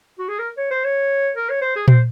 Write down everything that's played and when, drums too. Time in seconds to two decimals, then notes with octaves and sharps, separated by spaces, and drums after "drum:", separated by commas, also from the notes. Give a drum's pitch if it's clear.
0.19 F#4
0.29 G#4
0.39 A#4
0.57 C#5
0.71 C5
0.84 C#5
1.37 A#4
1.50 C#5
1.62 C5
1.76 G#4
1.88 C5, drum: tom A#2